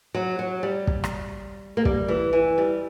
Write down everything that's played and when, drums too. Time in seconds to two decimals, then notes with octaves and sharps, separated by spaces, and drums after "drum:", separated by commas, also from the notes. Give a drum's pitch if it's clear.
0.14 F#3
0.39 F#3
0.63 G3
0.87 drum: kick
1.04 drum: rim click
1.77 A#3
1.85 G3, drum: kick
2.08 E3
2.33 E3
2.58 G3